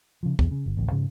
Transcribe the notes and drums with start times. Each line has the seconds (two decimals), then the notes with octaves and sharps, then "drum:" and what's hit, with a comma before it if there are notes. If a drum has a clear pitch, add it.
0.23 C#3 F3
0.39 B1 E2 B3, drum: kick
0.51 C#3
0.66 G1
0.77 A1 D2
0.91 G#2 C#3 G#3